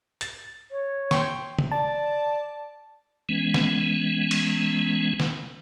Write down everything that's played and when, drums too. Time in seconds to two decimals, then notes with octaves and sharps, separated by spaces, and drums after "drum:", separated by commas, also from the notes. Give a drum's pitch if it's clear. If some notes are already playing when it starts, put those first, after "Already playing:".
0.21 A6, drum: hi-hat
0.71 C#5
1.11 G5 C6 C#6, drum: snare
1.59 drum: tom
1.71 D5 A5
3.29 E3 G#3 B3 C#4
3.54 drum: snare
4.31 drum: cymbal
5.20 drum: snare